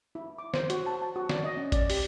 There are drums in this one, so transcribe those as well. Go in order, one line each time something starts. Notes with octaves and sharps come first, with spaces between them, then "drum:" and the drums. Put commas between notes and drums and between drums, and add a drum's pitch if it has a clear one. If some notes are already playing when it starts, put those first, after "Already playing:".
E4
D6
C5, drum: snare
F#4, drum: hi-hat
A5
A5
F#4
D5, drum: snare
D#5
C#4
D5, drum: kick G1, hi-hat
G4, drum: open hi-hat